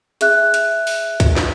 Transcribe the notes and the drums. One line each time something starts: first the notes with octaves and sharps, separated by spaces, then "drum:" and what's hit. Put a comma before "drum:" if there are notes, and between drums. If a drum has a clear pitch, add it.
G#4 E5 F#6, drum: hi-hat
drum: hi-hat
drum: open hi-hat
drum: kick, hi-hat
drum: snare